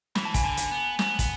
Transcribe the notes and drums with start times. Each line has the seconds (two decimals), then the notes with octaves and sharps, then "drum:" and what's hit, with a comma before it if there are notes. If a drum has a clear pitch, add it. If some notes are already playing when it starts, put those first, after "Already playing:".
0.15 E3 B5, drum: snare
0.25 A5
0.34 G#5, drum: kick, hi-hat
0.44 D3 A5
0.57 drum: hi-hat
0.71 B3
0.99 B3, drum: snare
1.19 drum: kick, hi-hat